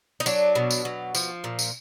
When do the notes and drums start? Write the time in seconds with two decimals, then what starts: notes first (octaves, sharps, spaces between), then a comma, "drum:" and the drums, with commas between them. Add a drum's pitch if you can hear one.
0.20 D#4
0.26 F#3 D4, drum: tambourine
0.55 B2
0.71 drum: tambourine
0.85 F#3
1.15 F3, drum: tambourine
1.44 A#2
1.59 drum: tambourine